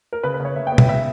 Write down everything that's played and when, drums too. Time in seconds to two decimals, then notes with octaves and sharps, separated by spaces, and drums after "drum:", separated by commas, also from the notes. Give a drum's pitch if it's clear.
0.13 A#4
0.23 C#3 B4
0.34 B4
0.40 C#3
0.45 C#5
0.56 C#3 E5
0.67 G5
0.72 B3
0.78 E5, drum: tom
0.88 C#3 E5